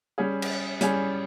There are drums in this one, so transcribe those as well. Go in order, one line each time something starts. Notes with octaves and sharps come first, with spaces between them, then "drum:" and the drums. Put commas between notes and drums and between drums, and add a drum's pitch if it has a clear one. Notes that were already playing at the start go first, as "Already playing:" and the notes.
G3 C#4 G#4
drum: cymbal
G3 C#4 G#4, drum: hi-hat